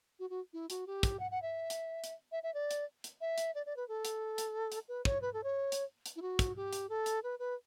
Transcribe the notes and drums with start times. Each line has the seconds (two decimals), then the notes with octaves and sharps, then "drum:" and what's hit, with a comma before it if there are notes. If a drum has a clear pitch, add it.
0.19 F#4
0.30 F#4
0.53 E4
0.70 F#4, drum: hi-hat
0.87 G4
1.03 drum: kick, hi-hat
1.20 F#5
1.31 F#5
1.42 E5
1.70 drum: hi-hat
2.04 drum: hi-hat
2.32 E5
2.43 E5
2.54 D5
2.71 drum: hi-hat
3.04 drum: hi-hat
3.21 E5
3.38 drum: hi-hat
3.55 D5
3.66 D5
3.76 B4
3.88 A4
4.05 drum: hi-hat
4.38 drum: hi-hat
4.72 drum: hi-hat
4.88 B4
5.05 C#5, drum: kick
5.22 B4
5.34 A4
5.44 C#5
5.72 drum: hi-hat
6.06 drum: hi-hat
6.16 E4
6.22 F#4
6.39 drum: kick, hi-hat
6.56 G4
6.73 drum: hi-hat
6.89 A4
7.06 drum: hi-hat
7.23 B4
7.39 B4